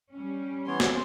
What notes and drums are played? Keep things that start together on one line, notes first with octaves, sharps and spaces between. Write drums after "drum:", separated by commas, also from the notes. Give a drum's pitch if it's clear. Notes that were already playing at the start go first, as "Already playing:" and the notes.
G3 C#4
E3 B3 C#5 C6
drum: snare